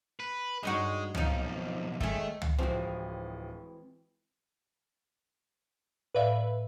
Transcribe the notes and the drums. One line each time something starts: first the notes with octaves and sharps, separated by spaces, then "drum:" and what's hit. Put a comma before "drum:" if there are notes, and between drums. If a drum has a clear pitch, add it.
B4
G2 G#3 D#4 F#4
B1 F2 F3 D#4, drum: tom
D#3 G#3 A3, drum: kick
drum: tom
D1 E3 F3 G#3 C4 F#4
A2 B4 D5 E5 F5